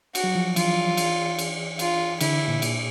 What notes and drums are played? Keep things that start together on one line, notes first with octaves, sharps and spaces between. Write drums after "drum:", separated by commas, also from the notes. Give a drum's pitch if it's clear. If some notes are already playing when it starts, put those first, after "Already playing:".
F#4, drum: cymbal
F#3
F3
E3 F4, drum: cymbal
drum: cymbal
drum: cymbal
F4, drum: cymbal
D3 E4, drum: cymbal
A#2
A#2, drum: cymbal